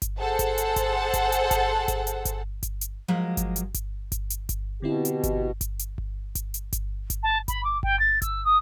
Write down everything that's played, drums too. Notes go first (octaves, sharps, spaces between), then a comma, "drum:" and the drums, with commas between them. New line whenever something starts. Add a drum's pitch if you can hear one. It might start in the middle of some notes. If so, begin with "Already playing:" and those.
drum: kick G1, hi-hat
G#4 A4 C5 F#5 A5
drum: kick G1, hi-hat
drum: hi-hat
drum: kick G1, hi-hat
drum: kick G1, hi-hat
drum: hi-hat
drum: kick G1, hi-hat
drum: kick G1, hi-hat
drum: hi-hat
drum: kick G1, hi-hat
drum: kick G1, hi-hat
drum: hi-hat
F3 F#3 G#3 A#3
drum: kick G1, hi-hat
drum: hi-hat
drum: kick G1, hi-hat
drum: kick G1, hi-hat
drum: hi-hat
drum: kick G1, hi-hat
B2 D3 C4 E4 G4
drum: hi-hat
drum: kick G1, hi-hat
drum: kick G1, hi-hat
drum: hi-hat
drum: kick G1
drum: kick G1, hi-hat
drum: hi-hat
drum: kick G1, hi-hat
drum: kick G1, hi-hat
A5
B5, drum: kick G1, hi-hat
D6
G5, drum: kick G1
A6
E6, drum: kick G1, hi-hat
D#6